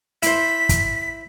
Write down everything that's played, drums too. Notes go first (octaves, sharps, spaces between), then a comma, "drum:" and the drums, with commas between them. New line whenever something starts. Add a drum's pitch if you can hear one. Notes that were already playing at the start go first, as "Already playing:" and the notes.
E4 C5 B6, drum: hi-hat
drum: kick, hi-hat